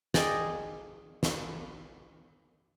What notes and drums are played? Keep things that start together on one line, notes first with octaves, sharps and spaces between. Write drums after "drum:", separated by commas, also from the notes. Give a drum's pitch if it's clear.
G#4 D5 D#5 G5, drum: snare
drum: snare